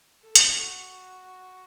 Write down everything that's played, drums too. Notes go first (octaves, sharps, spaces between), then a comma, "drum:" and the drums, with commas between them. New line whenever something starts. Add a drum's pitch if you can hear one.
A4
drum: hi-hat
F#4